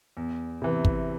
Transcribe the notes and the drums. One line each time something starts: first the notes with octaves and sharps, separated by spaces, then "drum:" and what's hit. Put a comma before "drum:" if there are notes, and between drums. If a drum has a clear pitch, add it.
E2
C3 E3
drum: kick